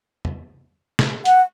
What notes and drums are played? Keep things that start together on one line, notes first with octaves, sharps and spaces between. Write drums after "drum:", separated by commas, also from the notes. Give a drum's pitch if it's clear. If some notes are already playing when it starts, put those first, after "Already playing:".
drum: tom
drum: snare
F#5, drum: hi-hat